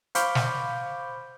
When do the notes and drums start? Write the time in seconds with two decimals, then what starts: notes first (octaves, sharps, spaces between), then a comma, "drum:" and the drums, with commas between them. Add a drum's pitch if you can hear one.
0.15 C5 F5 B5 C#6 D6 G6, drum: hi-hat
0.35 drum: snare